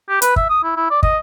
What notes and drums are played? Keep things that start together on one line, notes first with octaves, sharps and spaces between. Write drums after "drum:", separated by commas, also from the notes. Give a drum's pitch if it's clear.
G4
B4, drum: hi-hat
E5, drum: kick
D#6
E4
E4
D5
D#5, drum: kick